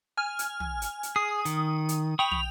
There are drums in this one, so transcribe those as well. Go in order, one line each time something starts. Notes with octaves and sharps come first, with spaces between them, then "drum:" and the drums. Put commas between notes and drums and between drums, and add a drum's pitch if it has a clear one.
G#5 F6
drum: hi-hat
drum: tom
drum: hi-hat
drum: hi-hat
G#4 D#6
D#3, drum: hi-hat
drum: hi-hat
G5 B5 C#6 D#6 F7
drum: tom